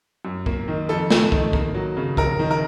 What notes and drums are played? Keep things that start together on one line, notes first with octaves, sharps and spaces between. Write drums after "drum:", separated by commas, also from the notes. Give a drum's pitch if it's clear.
F#2
A#3, drum: kick
D#3
F2 A4
A3, drum: snare
D#3, drum: kick
A#3, drum: kick
F#3
C#3
F1 A#4, drum: kick
D#3
A#4